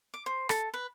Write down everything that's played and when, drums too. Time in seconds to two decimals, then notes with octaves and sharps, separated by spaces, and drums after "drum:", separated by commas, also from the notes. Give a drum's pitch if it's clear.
0.14 D6
0.26 C5
0.49 A4, drum: rim click
0.74 B4